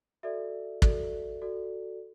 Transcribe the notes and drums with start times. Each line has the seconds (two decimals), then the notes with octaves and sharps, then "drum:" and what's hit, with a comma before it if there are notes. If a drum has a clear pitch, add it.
0.23 F#4 A4 D5 E5
0.82 F#4 A4 D5, drum: kick
1.41 F#4 A4 D5